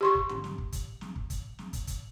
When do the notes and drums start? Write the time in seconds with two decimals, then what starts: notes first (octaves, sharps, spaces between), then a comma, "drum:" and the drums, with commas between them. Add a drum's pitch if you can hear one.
0.01 G4 C6 C#6
0.15 drum: kick
0.29 drum: tom
0.44 drum: snare
0.58 drum: kick
0.72 drum: kick, hi-hat
1.01 drum: snare
1.16 drum: kick
1.30 drum: kick, hi-hat
1.59 drum: snare
1.73 drum: kick, hi-hat
1.87 drum: kick, hi-hat